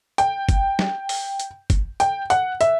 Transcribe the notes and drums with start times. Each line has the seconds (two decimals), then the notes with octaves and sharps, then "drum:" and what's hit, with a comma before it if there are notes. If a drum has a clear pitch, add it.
0.18 G5, drum: hi-hat
0.49 drum: kick, hi-hat
0.79 drum: snare
1.09 drum: open hi-hat
1.40 drum: hi-hat
1.70 drum: kick, hi-hat
2.00 G5, drum: hi-hat
2.30 F#5, drum: hi-hat
2.61 E5, drum: hi-hat